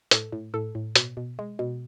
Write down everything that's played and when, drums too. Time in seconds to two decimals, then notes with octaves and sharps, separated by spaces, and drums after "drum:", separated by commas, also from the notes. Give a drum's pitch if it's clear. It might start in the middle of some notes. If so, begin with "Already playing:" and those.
0.11 A2 A4, drum: hi-hat
0.32 A2
0.54 A2 A4
0.75 A2
0.96 B2, drum: hi-hat
1.17 B2
1.39 G#3
1.59 B2